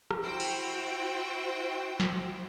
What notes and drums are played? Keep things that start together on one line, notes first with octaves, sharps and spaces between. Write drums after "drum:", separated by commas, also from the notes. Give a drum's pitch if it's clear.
drum: rim click
E4 F#4 C5 G5
drum: cymbal
drum: snare